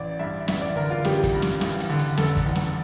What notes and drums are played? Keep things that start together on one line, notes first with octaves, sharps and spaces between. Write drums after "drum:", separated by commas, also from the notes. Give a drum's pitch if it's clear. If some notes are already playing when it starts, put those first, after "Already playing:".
Already playing: A1 D5
G2 E5
A1 E5, drum: snare
D5
D3 A#4
F4
A1 G4, drum: snare
drum: kick, hi-hat
G2
drum: snare
A1, drum: snare
drum: hi-hat
D3
drum: hi-hat
F1 A4, drum: snare
drum: kick, hi-hat
E2
drum: snare